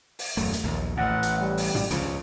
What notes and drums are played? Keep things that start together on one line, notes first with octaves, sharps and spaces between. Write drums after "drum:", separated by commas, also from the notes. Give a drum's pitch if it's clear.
drum: open hi-hat
D#1 F#2 A3
drum: hi-hat
A#1 D#2
A1 A2 F#5
drum: hi-hat
G3
drum: open hi-hat
drum: tom
C#2 C#3 F3, drum: hi-hat